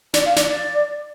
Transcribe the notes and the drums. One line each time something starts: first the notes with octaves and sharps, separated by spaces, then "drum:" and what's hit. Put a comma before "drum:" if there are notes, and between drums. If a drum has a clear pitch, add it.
D5, drum: snare
F5
D5, drum: snare
D5